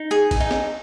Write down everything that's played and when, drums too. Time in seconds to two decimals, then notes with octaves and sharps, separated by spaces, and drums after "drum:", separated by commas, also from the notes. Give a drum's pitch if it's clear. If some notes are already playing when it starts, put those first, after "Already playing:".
Already playing: D#4
0.11 G#4
0.31 drum: kick, cymbal
0.40 D#4
0.51 drum: snare